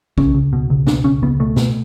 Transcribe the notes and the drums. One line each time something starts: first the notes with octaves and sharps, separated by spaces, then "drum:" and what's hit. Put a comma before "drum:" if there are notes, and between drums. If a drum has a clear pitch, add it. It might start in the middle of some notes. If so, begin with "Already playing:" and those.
C#2 C#4, drum: kick B1
C#2
B2
C#2
B2 D4, drum: snare
C#2 C#4
C#2 B3
B2 A3
B2, drum: snare